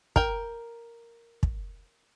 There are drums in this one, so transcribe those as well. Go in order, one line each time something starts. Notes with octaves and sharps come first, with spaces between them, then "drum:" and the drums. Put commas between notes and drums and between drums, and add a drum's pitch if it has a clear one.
A#4 G5, drum: kick
drum: kick